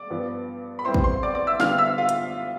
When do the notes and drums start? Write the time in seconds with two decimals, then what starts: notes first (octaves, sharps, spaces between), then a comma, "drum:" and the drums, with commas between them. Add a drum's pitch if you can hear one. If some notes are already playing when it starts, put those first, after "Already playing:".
Already playing: D5 D6
0.10 G2 F3 B3
0.79 B5
0.85 E3 G3 C4 E4 C5 C6
0.94 drum: kick
1.04 C5 C6
1.23 D5 D6
1.35 D5 D6
1.47 E5 E6
1.60 D3 G3 B3 F4 F5 F6, drum: snare
1.78 E5 E6
1.98 F4 F5
2.09 drum: hi-hat